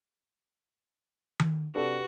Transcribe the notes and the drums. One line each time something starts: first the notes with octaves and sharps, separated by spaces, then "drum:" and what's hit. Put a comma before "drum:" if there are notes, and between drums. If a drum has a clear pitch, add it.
drum: tom D#3
C3 D4 F#4 G4 A4 B4